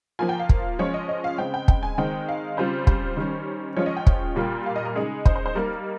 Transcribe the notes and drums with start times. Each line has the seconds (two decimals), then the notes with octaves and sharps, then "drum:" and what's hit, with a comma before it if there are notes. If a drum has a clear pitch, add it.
0.19 F3 A#3 F4 G#5
0.29 G5
0.39 F5
0.49 drum: kick
0.79 F3 G#3 C#4 F4 C#5
0.94 D#5
1.09 D#5
1.24 F5
1.38 C#3 G#3 C4 G5
1.54 G5
1.68 G5, drum: kick
1.83 G#5
1.98 D#3 G#3 C4 G5
2.29 F5
2.57 C#3 G3 C4 F4 C5
2.87 C5, drum: kick
3.17 D#3 G3 C#4
3.76 F3 G#3 C#4 F4 C#5
3.86 D#5
3.97 G5
4.07 drum: kick
4.36 A#2 G3 A#3 F4
4.66 F5
4.76 D#5
4.85 A#4
4.95 C#3 G#3 D#4 G#4
5.25 C5, drum: kick
5.36 C5
5.46 C5
5.55 G3 A#3 D#4 A#4